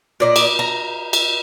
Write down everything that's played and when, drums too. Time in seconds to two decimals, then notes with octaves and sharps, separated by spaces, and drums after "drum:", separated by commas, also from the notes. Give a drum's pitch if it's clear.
0.20 A#2 D5 D#5
0.36 drum: cymbal
0.59 A#5
1.13 drum: cymbal